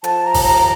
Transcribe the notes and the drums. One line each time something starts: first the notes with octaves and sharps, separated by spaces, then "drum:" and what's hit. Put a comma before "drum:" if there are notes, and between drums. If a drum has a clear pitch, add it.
F3 A5, drum: hi-hat
A#5
D#2, drum: kick G#1, open hi-hat
A#5